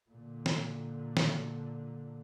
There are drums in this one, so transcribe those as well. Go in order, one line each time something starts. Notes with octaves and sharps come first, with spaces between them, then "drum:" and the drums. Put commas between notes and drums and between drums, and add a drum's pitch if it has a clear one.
A#2 D3
drum: snare
drum: snare